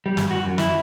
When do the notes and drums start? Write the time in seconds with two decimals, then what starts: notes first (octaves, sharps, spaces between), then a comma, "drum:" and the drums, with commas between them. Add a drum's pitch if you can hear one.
0.06 G3
0.17 G2, drum: snare
0.31 F#4
0.45 F#2
0.58 E4, drum: snare